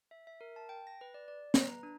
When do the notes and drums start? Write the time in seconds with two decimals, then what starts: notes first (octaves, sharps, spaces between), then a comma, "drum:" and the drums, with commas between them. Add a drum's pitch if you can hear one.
0.11 E5
0.27 E5
0.41 A#4
0.56 A5
0.69 G5
0.87 A#6
1.01 B4
1.14 D5
1.28 D5
1.54 B4, drum: snare
1.68 A#5
1.83 D4